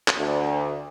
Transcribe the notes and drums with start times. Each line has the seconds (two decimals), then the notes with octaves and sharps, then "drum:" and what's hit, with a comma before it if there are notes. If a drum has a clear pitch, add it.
0.08 drum: clap
0.17 D2